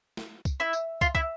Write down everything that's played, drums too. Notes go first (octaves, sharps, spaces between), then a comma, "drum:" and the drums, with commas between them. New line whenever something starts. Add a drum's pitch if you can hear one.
drum: snare
drum: kick, tambourine
E4
drum: tambourine
F4, drum: kick, tambourine
E4, drum: kick